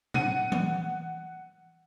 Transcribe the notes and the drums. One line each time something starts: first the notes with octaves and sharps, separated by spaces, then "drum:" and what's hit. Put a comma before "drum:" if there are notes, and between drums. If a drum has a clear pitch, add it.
F#5 D#7, drum: tom A2
drum: tom E3